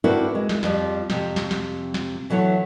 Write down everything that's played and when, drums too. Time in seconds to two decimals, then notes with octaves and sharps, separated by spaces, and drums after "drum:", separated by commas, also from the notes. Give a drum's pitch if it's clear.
0.04 C4 D4 E4 F#4 A#4 B4
0.35 G#3
0.49 drum: snare
0.63 F2 F3 G3, drum: snare
1.10 F2 C3, drum: snare
1.36 drum: snare
1.51 drum: snare
1.94 drum: snare
2.30 E3 F#3 A3 E4 C#5